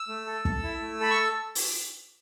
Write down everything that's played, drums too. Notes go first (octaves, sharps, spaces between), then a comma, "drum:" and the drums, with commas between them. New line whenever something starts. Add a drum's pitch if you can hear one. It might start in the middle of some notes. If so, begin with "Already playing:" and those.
Already playing: E6
A3
A4
A4, drum: kick
E4
A3
A4 B5
C#6
drum: open hi-hat